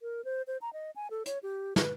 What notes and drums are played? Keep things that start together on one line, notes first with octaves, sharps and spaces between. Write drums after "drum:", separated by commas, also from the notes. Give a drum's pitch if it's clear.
A#4
C5
C5
A#5
D#5
G#5
A4
C#5, drum: hi-hat
G4
B4, drum: snare